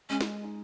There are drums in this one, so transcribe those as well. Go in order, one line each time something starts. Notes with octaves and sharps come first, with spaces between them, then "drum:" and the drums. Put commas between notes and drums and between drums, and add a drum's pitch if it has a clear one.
G#3 C#4
drum: snare
D#4